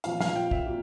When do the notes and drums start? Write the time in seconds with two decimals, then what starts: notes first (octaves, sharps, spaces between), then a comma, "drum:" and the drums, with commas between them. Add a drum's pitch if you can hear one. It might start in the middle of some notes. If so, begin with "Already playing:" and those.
0.04 A#2 F3 F5, drum: hi-hat
0.20 F5, drum: snare
0.36 G5
0.51 E5, drum: kick
0.67 A#2